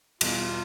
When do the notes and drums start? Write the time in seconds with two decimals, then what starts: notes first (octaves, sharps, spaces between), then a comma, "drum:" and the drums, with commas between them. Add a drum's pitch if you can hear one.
0.21 E2 B2 G3 B3 F4, drum: cymbal